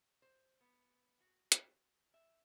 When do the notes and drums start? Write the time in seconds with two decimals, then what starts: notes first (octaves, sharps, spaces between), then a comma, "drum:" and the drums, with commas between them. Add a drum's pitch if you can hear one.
0.22 C5
0.61 B3
1.21 F#4
1.52 drum: hi-hat
2.14 E5